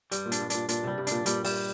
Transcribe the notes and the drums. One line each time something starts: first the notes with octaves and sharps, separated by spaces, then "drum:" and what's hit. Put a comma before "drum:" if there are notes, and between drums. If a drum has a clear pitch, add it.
G2 G3, drum: hi-hat
A#2
D4, drum: hi-hat
G2
A#2 D4, drum: hi-hat
A#2 D4, drum: hi-hat
C3 G3
G2
A#2 D4, drum: hi-hat
A#2 G3, drum: hi-hat
G3, drum: open hi-hat